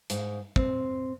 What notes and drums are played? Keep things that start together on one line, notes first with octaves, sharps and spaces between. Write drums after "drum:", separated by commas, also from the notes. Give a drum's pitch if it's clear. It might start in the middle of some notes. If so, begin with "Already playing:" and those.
G#2, drum: hi-hat
C4, drum: kick